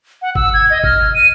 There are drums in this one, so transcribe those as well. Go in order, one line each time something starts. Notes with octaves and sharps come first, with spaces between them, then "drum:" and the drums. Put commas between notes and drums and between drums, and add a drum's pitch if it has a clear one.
F#5
E6, drum: kick G1
G#6
D#5
F6, drum: kick G1
D#7